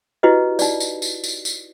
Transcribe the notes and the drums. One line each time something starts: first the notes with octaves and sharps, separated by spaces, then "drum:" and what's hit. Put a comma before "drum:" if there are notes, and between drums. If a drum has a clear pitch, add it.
E4 F#4 G4 B4 D#5
D#4 D5, drum: tambourine
drum: tambourine
drum: tambourine
drum: tambourine
drum: tambourine